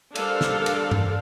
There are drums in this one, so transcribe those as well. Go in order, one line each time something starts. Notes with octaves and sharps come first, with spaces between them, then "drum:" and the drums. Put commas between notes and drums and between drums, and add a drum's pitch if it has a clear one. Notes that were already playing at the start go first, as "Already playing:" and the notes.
G3 D4 A4 A#4 C5 F5, drum: cymbal
drum: snare
drum: cymbal
drum: tom G2